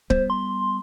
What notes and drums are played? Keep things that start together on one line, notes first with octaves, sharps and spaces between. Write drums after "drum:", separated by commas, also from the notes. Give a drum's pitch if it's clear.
G3 B3 C5, drum: kick
C6